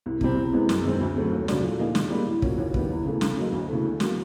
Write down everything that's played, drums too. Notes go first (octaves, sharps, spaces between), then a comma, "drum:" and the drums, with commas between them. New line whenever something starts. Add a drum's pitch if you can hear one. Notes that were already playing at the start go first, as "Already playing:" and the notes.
C2
C3 E3 G3 C4, drum: kick
E2
C3 E3 G#3 B3
F#2, drum: snare
D#3 G#3 C4
D2
D3 F#3 A3 C4
D#2
C#3 F#3 A3 D4, drum: snare
A#2
F3 A#3 D#4 G#4
D#3, drum: snare
G3 A#3 D4
A2
F3 A#3 C#4 F#4, drum: kick
D#2
D#3 G3 B3, drum: kick
E2
C#3 E3 A3
C#3, drum: snare
F#3 A#3 D#4
D2
C#3 E3 A3
D3
F#3 A#3, drum: snare